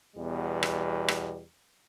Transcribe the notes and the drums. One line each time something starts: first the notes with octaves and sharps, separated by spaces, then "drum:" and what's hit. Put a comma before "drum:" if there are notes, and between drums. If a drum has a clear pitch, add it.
E2 B2 G3
drum: rim click
drum: rim click